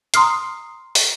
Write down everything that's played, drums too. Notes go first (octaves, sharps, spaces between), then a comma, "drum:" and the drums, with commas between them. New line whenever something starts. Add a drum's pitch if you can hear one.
A#5 C6 D#6 F6 C7, drum: hi-hat
drum: open hi-hat